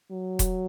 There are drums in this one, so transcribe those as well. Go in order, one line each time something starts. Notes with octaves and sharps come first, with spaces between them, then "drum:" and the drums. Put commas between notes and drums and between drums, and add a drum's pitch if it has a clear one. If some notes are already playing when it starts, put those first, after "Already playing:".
F#3
drum: kick E1, hi-hat